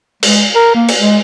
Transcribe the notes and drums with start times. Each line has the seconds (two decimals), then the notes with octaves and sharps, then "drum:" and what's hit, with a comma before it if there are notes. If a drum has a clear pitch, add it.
0.23 G#3, drum: cymbal
0.55 A#4
0.75 A#3
0.88 drum: cymbal
0.99 G#3